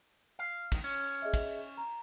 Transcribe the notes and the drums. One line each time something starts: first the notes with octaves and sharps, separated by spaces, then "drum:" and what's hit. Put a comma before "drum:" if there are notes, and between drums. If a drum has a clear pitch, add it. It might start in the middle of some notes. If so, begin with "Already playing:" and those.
F5
G#2 D#3, drum: kick, cymbal
C#4
G#4 D#5 E5
drum: kick, cymbal
A#5